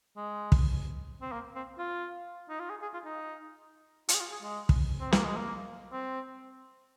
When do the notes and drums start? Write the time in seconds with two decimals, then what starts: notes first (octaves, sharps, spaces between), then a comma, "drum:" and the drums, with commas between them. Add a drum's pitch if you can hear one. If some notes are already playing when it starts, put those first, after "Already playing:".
0.17 G#3
0.52 drum: kick
1.22 C4
1.32 A#3
1.55 C4
1.78 F4
2.49 D#4
2.60 F4
2.70 G#4
2.82 G#4
2.93 F4
3.05 D#4
4.09 F4, drum: hi-hat
4.14 G#4
4.20 F4
4.32 G#4
4.42 G#3
4.69 drum: kick
5.00 C4
5.12 A#3, drum: snare
5.24 G#3
5.36 A#3
5.92 C4